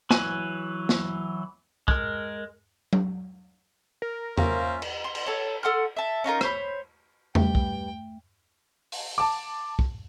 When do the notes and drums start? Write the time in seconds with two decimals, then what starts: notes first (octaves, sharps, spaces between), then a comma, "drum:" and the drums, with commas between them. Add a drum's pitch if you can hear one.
0.10 E3 F#3 B4 G#5, drum: snare
0.89 drum: snare
1.88 G#3 A#4, drum: kick
2.93 drum: tom F#3
4.02 A#4
4.37 A#3 C#4 F4 C5 E5, drum: tom E2
4.82 drum: cymbal
5.04 C6
5.15 drum: cymbal
5.26 A4 C#5
5.63 A4 F#5 C6 F6
5.97 A4 E5
6.24 C#4 D#4 F4 A#4
6.41 C5 C#5 B5, drum: rim click
7.35 G3 A3 B4 G5, drum: tom E2
7.55 drum: kick
8.92 drum: open hi-hat
9.18 A5 D6
9.79 drum: kick